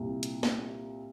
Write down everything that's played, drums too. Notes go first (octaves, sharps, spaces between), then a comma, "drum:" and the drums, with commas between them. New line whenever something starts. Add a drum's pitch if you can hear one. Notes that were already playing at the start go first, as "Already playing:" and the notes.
Already playing: C2 A#2
drum: hi-hat
drum: snare